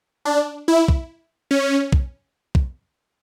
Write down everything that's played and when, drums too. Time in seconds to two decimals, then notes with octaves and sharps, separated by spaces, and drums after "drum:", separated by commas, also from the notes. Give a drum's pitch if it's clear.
0.25 D4
0.68 E4
0.88 drum: kick
1.51 C#4
1.92 drum: kick
2.55 drum: kick